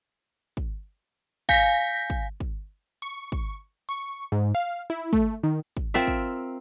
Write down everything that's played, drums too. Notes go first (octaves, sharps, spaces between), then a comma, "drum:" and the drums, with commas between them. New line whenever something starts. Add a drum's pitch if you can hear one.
drum: kick
F5 G#5 G6 A#6 B6, drum: kick
drum: kick
drum: kick
C#6
drum: kick
C#6
G#2
F5
E4
A3, drum: kick
D#3
drum: kick
C4 F4 A#4 E5
drum: kick